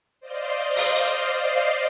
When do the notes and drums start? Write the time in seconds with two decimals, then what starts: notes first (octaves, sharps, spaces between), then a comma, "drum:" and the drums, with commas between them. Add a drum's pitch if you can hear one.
0.20 C5 D5 D#5 F5 C6
0.76 drum: open hi-hat